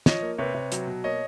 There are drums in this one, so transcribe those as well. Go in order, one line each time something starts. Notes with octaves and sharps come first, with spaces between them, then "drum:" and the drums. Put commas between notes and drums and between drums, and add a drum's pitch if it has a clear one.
F3 C#5 D#5, drum: snare
A#3
C3 B4 C#5
C3
F#3, drum: hi-hat
B2
A#3 C#5 D#5